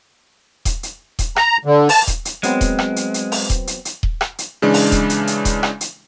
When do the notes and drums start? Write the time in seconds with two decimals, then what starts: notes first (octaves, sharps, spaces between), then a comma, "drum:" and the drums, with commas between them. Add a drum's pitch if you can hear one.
0.65 drum: kick D#1, hi-hat
0.83 drum: hi-hat
1.19 drum: kick D#1, hi-hat
1.36 A#5, drum: rim click
1.65 D3
1.89 A5, drum: open hi-hat
2.07 drum: kick D#1, hi-hat
2.25 drum: hi-hat
2.43 F#3 G#3 B3 C4, drum: hi-hat
2.61 drum: kick D#1, hi-hat
2.79 drum: rim click
2.96 drum: hi-hat
3.14 drum: hi-hat
3.32 drum: open hi-hat
3.50 drum: kick D#1, hi-hat
3.67 drum: hi-hat
3.85 drum: hi-hat
4.03 drum: kick D#1
4.21 drum: rim click
4.38 drum: hi-hat
4.62 C#3 E3 G#3 D4
4.74 drum: open hi-hat
4.92 drum: kick D#1, hi-hat
5.10 drum: hi-hat
5.27 drum: hi-hat
5.45 drum: kick D#1, hi-hat
5.63 drum: rim click
5.81 drum: hi-hat